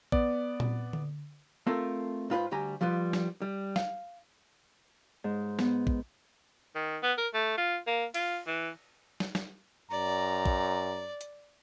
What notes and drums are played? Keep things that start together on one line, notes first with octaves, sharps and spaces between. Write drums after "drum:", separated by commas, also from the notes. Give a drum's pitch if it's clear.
B3 D5, drum: kick A#1
drum: tom A#2
drum: tom D3
A3 C4 F4 A4 A#4
G#2 F4 B4 C5
D2 G3 G4 G#5 A#5
F3 G3 F4 B4
drum: snare
G3
F5, drum: snare
G#2
B3, drum: snare
drum: kick A#1
D#3
B3
A#4
A3
F4
A#3
F4, drum: cymbal
E3
drum: snare
drum: snare
F#2 D5 A#5
drum: kick A#1
drum: hi-hat